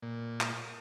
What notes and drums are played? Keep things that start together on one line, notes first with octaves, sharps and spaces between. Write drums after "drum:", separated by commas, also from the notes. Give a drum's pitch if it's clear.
A#2
drum: clap